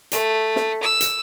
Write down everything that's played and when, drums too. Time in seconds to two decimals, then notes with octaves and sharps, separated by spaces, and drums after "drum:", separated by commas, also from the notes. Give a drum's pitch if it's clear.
0.12 A3, drum: hi-hat
0.56 drum: snare
0.83 E6
1.01 drum: hi-hat